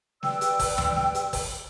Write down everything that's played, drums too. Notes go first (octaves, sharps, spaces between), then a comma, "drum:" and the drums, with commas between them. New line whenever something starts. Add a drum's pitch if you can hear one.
B4 D5 G5 E6, drum: snare
drum: hi-hat
drum: kick, open hi-hat
drum: tom D2
drum: snare
drum: hi-hat
drum: kick, open hi-hat